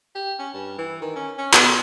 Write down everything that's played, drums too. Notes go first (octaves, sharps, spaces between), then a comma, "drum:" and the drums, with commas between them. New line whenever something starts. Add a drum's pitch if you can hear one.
G4
C#4
G2
E3
D#3
C#4
C#4
B2, drum: clap